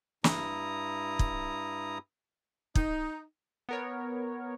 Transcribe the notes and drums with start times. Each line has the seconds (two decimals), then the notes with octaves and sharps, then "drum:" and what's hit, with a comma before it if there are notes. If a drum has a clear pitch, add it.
0.24 G2 E4 A#5 D#6, drum: snare
1.19 drum: kick
2.75 D#4, drum: kick
3.69 B3 A#4 C#5